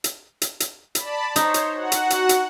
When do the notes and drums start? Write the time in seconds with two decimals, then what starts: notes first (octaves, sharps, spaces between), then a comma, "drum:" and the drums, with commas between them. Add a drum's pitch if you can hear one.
0.04 drum: hi-hat
0.42 drum: hi-hat
0.60 drum: hi-hat
0.95 D5 A5 B5, drum: hi-hat
1.36 D#4 C5 C#5, drum: hi-hat
1.54 drum: hi-hat
1.73 F#4 F#5
1.92 drum: hi-hat
2.10 drum: hi-hat
2.29 drum: hi-hat